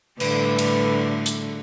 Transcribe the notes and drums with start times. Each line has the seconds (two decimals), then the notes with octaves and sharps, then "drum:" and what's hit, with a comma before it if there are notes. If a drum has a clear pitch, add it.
0.20 A2 D3 G3 B4, drum: cymbal
0.59 drum: cymbal
1.26 drum: hi-hat